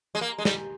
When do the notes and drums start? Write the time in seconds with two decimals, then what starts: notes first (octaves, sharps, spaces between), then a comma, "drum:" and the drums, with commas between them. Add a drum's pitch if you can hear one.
0.15 G#3
0.21 A#3
0.38 G#3
0.45 G3, drum: snare